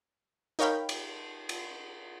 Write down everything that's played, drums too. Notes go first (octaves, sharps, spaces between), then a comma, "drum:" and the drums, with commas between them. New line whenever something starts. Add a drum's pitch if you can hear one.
D#4 A#4 C#5 F5 G5 B5
drum: cymbal
drum: cymbal